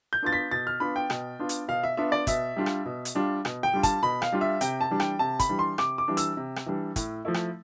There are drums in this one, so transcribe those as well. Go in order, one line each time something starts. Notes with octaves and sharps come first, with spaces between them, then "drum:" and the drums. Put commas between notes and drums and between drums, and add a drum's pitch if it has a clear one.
G6
B3 D4 F4 A6
B6
B2 A6
F6
B3 D4 F4 B5
G5
B2, drum: rim click
B3 D4 F4
drum: hi-hat
B2 F5
E5
B3 D4 F4 E5
D5
B2 E5, drum: kick, hi-hat
G3 D4 F4
drum: rim click
B2
drum: hi-hat
G3 D4 F4
B2, drum: rim click
G5
G3 D4 F4
A5, drum: kick, hi-hat
B2 B5
F5, drum: rim click
G3 D4 F4
E5
C3 G5, drum: hi-hat
A5
E3 G3 D4
G5, drum: rim click
C3 A5
B5, drum: kick, hi-hat
E3 G3 D4
C6
C3 D6, drum: rim click
D6
E3 G3 D4
E6, drum: hi-hat
C3
drum: rim click
E3 G3 D4
A2, drum: kick, hi-hat
F3 A3 E4
drum: rim click